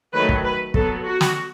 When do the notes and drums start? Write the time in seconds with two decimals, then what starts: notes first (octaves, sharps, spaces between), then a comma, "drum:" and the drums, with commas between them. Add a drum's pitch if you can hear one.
0.13 D#3 F#3 A3 B4
0.29 drum: kick
0.44 B4
0.74 F#3 B3 A4, drum: kick
1.05 F#4
1.21 drum: snare